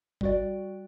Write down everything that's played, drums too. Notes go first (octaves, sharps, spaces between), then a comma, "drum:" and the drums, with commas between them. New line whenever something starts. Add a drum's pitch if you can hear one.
G3 F#4 D5, drum: kick G#1